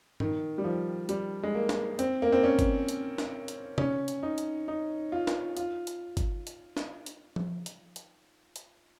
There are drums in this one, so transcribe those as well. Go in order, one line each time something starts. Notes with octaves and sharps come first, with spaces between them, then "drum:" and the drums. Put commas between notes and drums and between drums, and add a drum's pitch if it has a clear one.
D#3, drum: tom G2
G3
F3
G3, drum: hi-hat
G#3
A#3
drum: snare
C4, drum: hi-hat
A#3
C4
C#4
drum: kick G1, hi-hat
drum: hi-hat
drum: snare
drum: hi-hat
C#4, drum: tom C3
drum: hi-hat
D#4
drum: hi-hat
D#4
F4
drum: snare
F4, drum: hi-hat
drum: hi-hat
drum: kick G1, hi-hat
drum: hi-hat
drum: snare
drum: hi-hat
drum: tom F3
drum: hi-hat
drum: hi-hat
drum: hi-hat